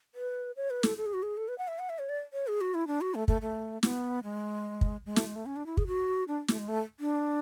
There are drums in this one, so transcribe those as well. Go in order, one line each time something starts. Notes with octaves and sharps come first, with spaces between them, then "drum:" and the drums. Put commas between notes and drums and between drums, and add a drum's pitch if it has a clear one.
B4
C#5
B4
A4, drum: snare
A4
G#4
F#4
G#4
A4
B4
F#5
E5
F#5
E5
C#5
D5
C#5
G#4
F#4
E4
D4
F#4
A3
A3, drum: kick
A3
B3, drum: snare
G#3
drum: kick
G#3
A3, drum: snare
G#3
A3
C#4
D4
E4
G#4, drum: kick
F#4
D4
A3, drum: snare
G#3
A3
D4